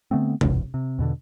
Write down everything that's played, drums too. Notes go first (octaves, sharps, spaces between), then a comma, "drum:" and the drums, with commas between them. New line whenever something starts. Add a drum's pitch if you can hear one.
D3 A3 B3 C4
F#1 B1 E2, drum: tom C3
C3
E2 B2 D3